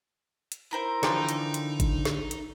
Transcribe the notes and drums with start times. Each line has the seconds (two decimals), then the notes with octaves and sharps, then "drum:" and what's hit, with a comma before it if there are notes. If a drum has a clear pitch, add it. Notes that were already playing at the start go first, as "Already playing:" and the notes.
0.52 drum: hi-hat
0.71 E4 A#4 C5
1.03 D3 E3 F3 D4 D#4 G5 A#5 C6, drum: snare
1.29 drum: hi-hat
1.54 drum: hi-hat
1.80 drum: kick G#1, hi-hat
2.05 drum: snare
2.31 drum: hi-hat